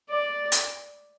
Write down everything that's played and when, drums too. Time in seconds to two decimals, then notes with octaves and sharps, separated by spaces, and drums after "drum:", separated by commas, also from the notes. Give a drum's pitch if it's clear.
0.10 D5
0.52 drum: hi-hat